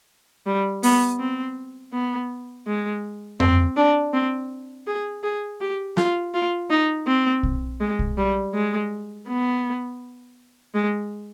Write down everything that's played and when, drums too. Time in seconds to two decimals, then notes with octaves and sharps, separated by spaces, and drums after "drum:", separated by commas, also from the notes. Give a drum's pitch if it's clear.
0.46 G3
0.83 B3, drum: open hi-hat
1.20 C4
1.93 B3
2.67 G#3
3.40 C4, drum: tom F2
3.77 D4
4.13 C4
4.87 G#4
5.23 G#4
5.61 G4
5.97 F4, drum: snare
6.34 F4
6.70 D#4
7.07 C4
7.43 drum: kick
7.80 G#3
7.99 drum: kick
8.17 G3
8.54 G#3
9.28 B3
10.74 G#3